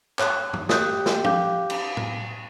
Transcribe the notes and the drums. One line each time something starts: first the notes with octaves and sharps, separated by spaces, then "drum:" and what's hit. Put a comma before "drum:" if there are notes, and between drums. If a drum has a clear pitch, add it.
C#5 F#6, drum: clap
drum: tom G2
G4 D#6 F#6 G6, drum: snare
drum: snare
F5 D6 G6, drum: tom
drum: cymbal
drum: tom A2